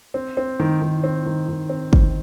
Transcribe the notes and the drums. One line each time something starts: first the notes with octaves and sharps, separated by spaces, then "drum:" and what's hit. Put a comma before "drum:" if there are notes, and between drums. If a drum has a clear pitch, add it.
C4
C4
D#3
D#3
C4
D#3
D#3
C4
D#3, drum: kick